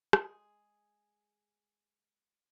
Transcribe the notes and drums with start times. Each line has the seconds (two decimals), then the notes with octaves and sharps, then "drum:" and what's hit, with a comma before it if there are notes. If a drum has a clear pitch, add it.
0.13 G#3 G#4, drum: rim click